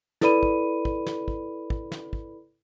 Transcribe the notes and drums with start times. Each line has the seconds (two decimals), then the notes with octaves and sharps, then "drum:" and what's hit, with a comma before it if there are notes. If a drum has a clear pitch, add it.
0.21 E4 A4 B4 D5 B5 D#7, drum: snare
0.43 drum: kick
0.85 drum: kick
1.07 drum: snare
1.28 drum: kick
1.70 drum: kick
1.92 drum: snare
2.13 drum: kick